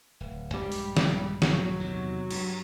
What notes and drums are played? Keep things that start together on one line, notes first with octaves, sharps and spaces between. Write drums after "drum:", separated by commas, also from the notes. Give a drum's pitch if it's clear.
D1
A#1 G2 G3 G#3
drum: open hi-hat
drum: snare
F#3, drum: snare
E2 C3 D#3
G2, drum: cymbal